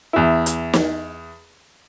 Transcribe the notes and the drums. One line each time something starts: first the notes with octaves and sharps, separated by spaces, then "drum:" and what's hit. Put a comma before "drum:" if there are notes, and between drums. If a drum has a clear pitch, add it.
E2 E4
drum: hi-hat
drum: snare